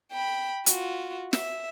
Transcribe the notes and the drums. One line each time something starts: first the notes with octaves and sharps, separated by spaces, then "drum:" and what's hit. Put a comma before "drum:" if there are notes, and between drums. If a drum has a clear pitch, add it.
G5 B5
F4 F#4, drum: hi-hat
E5, drum: snare